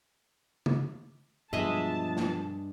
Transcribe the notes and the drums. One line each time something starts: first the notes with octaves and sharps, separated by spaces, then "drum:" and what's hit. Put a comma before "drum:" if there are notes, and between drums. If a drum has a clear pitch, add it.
drum: tom
G2 B2 F3 F#3 G#3 D#5 E5 A5
drum: snare